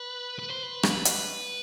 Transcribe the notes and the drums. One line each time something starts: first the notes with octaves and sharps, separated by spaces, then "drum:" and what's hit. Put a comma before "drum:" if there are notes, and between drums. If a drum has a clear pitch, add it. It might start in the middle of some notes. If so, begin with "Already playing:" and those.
Already playing: B4
B4
C5
B4
drum: rim click
drum: hi-hat